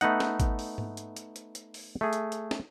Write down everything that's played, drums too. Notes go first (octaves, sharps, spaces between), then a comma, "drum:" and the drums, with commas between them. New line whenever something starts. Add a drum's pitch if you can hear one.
A3 B3 D#4 F#5, drum: hi-hat
drum: snare
drum: kick G#1, hi-hat
drum: open hi-hat
drum: tom G#2
drum: hi-hat
drum: hi-hat
drum: hi-hat
drum: hi-hat
drum: open hi-hat
A3 G#4
drum: hi-hat
drum: hi-hat
drum: snare